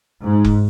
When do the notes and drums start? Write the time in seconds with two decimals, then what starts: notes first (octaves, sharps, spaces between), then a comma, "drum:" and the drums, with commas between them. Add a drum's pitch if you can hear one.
0.23 G#2
0.45 drum: kick F1